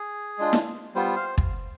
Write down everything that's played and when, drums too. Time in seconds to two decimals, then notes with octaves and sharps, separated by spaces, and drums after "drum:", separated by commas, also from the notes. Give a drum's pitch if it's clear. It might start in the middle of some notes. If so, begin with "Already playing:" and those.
Already playing: G#4
0.39 G#3 D4 F4
0.53 drum: snare E4
0.95 G3 B3 F4 C5
1.16 F5
1.38 drum: kick